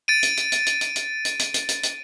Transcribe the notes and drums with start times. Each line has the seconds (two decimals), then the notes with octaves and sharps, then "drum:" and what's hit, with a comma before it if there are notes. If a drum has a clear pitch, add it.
0.08 A6 D7 D#7
0.23 drum: hi-hat
0.37 drum: hi-hat
0.52 drum: hi-hat
0.66 drum: hi-hat
0.81 drum: hi-hat
0.96 drum: hi-hat
1.25 drum: hi-hat
1.39 drum: hi-hat
1.54 drum: hi-hat
1.69 drum: hi-hat
1.83 drum: hi-hat